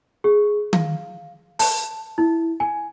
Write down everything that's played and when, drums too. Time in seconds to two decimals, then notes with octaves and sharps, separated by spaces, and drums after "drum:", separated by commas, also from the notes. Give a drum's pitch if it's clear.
0.24 G#4
0.73 F5, drum: tom D#3
1.59 A5, drum: open hi-hat
2.18 E4
2.60 G#5